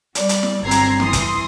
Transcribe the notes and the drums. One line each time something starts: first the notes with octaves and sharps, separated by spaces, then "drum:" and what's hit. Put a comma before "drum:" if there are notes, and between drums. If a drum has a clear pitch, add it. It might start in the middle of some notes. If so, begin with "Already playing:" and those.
G3 D5, drum: hi-hat
drum: hi-hat
drum: snare
G1 F#3 C4 A#5 G#6 C7
drum: hi-hat
E3 C6 D#6, drum: snare
drum: kick, hi-hat